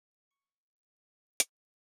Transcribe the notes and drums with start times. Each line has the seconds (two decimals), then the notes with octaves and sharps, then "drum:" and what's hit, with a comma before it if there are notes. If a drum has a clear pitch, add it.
0.31 C#6 C#7
1.40 drum: hi-hat